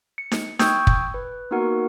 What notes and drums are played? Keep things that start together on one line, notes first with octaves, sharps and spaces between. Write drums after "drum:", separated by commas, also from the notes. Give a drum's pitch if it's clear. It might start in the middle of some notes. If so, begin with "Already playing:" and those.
C#7
drum: snare D#4
G5 C#6 D#6 E6 G6 G#6, drum: snare D#4
drum: kick
B4
A#3 B3 D#4 F#4 A#4 F#5